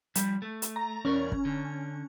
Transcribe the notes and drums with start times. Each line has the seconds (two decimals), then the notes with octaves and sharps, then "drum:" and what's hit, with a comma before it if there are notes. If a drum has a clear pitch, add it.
0.15 F3 G3, drum: hi-hat
0.42 A3
0.62 drum: hi-hat
0.76 A#5
1.05 E2 C#4 A#4 D5
1.32 drum: kick
1.45 D3